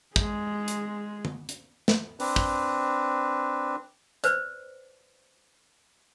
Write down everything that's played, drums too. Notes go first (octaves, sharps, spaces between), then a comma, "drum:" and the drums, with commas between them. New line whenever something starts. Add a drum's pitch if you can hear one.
G#3 G#4, drum: kick
drum: hi-hat
drum: tom D3
drum: hi-hat
drum: snare
C4 D4 B4, drum: open hi-hat
drum: kick
B4 C5 D5, drum: hi-hat